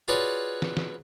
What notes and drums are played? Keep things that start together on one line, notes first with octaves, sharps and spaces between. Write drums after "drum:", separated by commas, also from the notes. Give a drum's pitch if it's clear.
F4 F#4 G#4 B4 C#5 D5
drum: snare
drum: snare